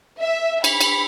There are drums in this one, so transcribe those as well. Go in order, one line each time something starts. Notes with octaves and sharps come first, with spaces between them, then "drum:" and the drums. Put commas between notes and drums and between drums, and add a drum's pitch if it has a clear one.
E5
B5, drum: cymbal
drum: cymbal